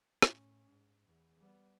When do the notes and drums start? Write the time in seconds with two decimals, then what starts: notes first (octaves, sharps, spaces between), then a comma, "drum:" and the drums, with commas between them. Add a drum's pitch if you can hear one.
0.22 A2 C#4, drum: rim click
0.68 G#2
1.07 E2
1.39 G3 B3